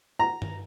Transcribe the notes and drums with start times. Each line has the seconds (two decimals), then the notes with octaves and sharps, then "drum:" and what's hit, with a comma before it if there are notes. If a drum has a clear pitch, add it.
0.19 A#5
0.42 drum: tom G2